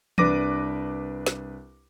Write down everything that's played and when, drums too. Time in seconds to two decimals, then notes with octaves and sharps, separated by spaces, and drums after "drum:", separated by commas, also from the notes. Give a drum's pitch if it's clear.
0.18 C2 D4 B4 D6 A#6 D#7, drum: tom E3
1.26 drum: snare